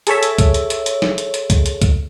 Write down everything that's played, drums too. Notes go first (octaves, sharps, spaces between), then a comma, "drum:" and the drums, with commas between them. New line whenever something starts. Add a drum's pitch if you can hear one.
G#4 A4 C#5 E5, drum: hi-hat
drum: hi-hat
drum: kick, hi-hat
drum: hi-hat
drum: hi-hat
drum: hi-hat
drum: snare
drum: hi-hat
drum: hi-hat
drum: kick, hi-hat
drum: hi-hat
drum: kick, hi-hat